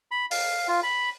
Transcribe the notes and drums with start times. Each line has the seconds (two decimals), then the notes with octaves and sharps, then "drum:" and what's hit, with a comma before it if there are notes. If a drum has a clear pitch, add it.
0.11 B5
0.31 F5, drum: open hi-hat
0.68 F4
0.83 B5